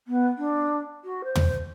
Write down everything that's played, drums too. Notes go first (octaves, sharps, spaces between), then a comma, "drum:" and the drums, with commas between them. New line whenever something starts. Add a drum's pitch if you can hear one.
B3
D4
F#4
C5
drum: tom